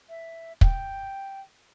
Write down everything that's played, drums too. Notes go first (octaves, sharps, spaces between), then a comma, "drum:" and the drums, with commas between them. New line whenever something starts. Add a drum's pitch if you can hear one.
E5
G5, drum: kick